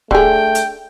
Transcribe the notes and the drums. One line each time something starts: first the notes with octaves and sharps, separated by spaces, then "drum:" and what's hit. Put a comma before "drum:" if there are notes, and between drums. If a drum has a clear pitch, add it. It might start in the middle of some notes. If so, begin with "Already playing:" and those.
D3 A3 G#4 G5, drum: kick
drum: hi-hat